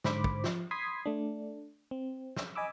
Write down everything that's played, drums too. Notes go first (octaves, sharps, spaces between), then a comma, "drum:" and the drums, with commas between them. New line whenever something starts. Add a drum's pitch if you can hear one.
G#2 D3 C5 B5 D6, drum: snare
drum: kick
F3, drum: snare
B5 C6 D#6 G#6 B6 C7
A3 D4
C4
drum: snare
D#5 G#5 B5 D6 E6